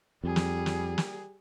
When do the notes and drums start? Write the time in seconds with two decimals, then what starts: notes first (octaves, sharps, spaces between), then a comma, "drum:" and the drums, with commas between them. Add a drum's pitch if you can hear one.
0.24 F2 G3 G#4
0.36 drum: snare
0.66 drum: snare
0.98 drum: snare